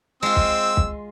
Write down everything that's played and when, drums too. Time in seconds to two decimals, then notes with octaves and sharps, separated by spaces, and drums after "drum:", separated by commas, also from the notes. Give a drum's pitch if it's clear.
0.23 G#3 C4 F4 E6
0.36 drum: kick
0.77 drum: kick